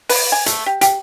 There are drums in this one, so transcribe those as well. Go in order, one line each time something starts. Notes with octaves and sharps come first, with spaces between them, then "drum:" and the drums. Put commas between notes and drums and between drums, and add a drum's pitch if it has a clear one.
B4, drum: open hi-hat
G#5
A3, drum: hi-hat
G4
G4, drum: hi-hat